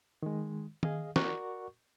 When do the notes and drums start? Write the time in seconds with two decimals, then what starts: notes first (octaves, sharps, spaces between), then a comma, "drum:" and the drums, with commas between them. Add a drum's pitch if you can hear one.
0.22 D#3 G#3
0.83 G#4 D#5 F5, drum: tom D#3
1.16 F#4 A#4 D5 F#5 C#6, drum: snare